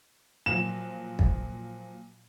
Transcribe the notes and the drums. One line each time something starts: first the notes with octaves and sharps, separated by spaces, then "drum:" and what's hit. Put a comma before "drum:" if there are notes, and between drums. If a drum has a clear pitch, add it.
A#2 F3 F#3 E7
drum: kick